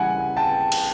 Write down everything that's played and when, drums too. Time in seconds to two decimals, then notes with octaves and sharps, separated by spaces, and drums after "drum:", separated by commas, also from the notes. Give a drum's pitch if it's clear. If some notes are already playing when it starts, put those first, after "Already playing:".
Already playing: C#3 E3 G3 F#5 G#5 B5
0.37 G5 A5
0.72 drum: cymbal